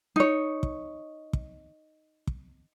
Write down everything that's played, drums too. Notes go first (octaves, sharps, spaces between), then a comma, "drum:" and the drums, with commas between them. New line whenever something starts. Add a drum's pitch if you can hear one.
D#4 C#5
drum: kick
drum: kick
drum: kick